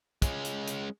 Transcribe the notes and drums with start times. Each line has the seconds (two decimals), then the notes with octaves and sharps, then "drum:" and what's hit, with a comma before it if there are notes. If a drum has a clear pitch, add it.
0.22 G#3 C#4, drum: kick, hi-hat
0.45 drum: hi-hat
0.68 drum: hi-hat